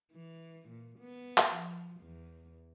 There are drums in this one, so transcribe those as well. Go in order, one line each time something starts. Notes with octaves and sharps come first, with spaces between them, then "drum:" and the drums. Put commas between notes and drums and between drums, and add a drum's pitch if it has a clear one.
E3
A#2
B3
drum: clap
F3
E2